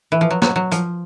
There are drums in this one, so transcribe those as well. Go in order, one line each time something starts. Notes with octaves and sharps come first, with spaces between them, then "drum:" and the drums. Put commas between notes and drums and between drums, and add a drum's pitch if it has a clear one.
E3
F3
F#3
F#3, drum: snare
F#3
F3, drum: hi-hat